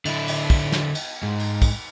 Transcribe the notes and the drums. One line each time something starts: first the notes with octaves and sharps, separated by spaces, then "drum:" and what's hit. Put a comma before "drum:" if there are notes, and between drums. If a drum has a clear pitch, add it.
D3 E4, drum: cymbal
drum: cymbal
drum: kick, cymbal
drum: snare
drum: cymbal
G#2
drum: cymbal
drum: kick, cymbal